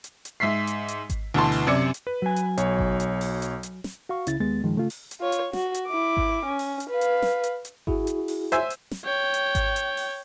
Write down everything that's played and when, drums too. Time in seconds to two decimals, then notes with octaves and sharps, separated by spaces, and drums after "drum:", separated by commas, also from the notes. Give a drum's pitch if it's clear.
0.04 drum: hi-hat
0.25 drum: hi-hat
0.40 G#2 E5 B6 C7
0.67 drum: hi-hat
0.88 drum: hi-hat
1.10 drum: kick G#1, hi-hat
1.34 D2 B2 E3 A5 C6
1.52 drum: open hi-hat
1.67 F#2 C3 D5 G#6 C#7
1.94 drum: hi-hat
2.07 B4
2.22 F#3 G#5
2.36 drum: hi-hat
2.58 B1 C#5, drum: hi-hat
2.79 drum: kick G#1
3.00 drum: hi-hat
3.21 drum: open hi-hat
3.42 drum: hi-hat
3.63 drum: hi-hat
3.84 drum: snare
4.09 F#4 F5 C#6
4.27 C#2 C#3 E4 A6, drum: hi-hat
4.40 D#2 G#3 B3 A6
4.63 G2 D#3 F3 G#3
4.75 C#3 A3 F4
4.90 drum: open hi-hat
5.11 drum: hi-hat
5.20 F4 C#5
5.32 drum: hi-hat
5.53 F#4, drum: snare
5.74 drum: hi-hat
5.87 E4 D6
6.17 drum: kick G#1
6.46 C#4
6.59 drum: open hi-hat
6.80 drum: hi-hat
6.90 B4 F5
7.01 drum: hi-hat
7.22 drum: snare
7.44 drum: hi-hat
7.65 drum: hi-hat
7.87 E4 F#4 G#4, drum: kick G#1
8.07 drum: hi-hat
8.28 drum: open hi-hat
8.52 C5 E5 G#5, drum: hi-hat
8.70 drum: hi-hat
8.91 drum: snare
9.05 C#5 G5
9.34 drum: hi-hat
9.55 drum: kick G#1, hi-hat
9.76 drum: hi-hat
9.97 drum: open hi-hat